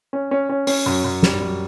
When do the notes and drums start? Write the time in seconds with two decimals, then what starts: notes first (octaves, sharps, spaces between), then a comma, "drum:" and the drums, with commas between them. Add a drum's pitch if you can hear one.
0.13 C#4
0.31 C#4
0.49 C#4
0.67 C#4, drum: open hi-hat
0.86 F#2
1.04 F#2
1.23 G3, drum: snare
1.41 F#2